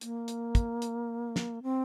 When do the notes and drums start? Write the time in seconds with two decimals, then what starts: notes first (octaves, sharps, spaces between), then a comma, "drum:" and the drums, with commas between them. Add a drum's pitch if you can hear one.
0.01 A#3, drum: hi-hat
0.28 drum: hi-hat
0.55 drum: kick, hi-hat
0.82 drum: hi-hat
1.36 drum: snare
1.63 C4